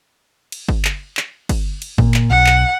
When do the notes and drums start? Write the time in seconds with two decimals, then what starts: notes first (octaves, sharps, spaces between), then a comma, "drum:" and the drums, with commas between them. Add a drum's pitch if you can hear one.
0.52 drum: cymbal
0.69 drum: kick G1
0.85 drum: clap
1.17 drum: clap
1.49 drum: kick G1, cymbal
1.82 drum: cymbal
1.98 A#2, drum: kick G1
2.14 drum: clap
2.30 B1 F#5
2.46 drum: clap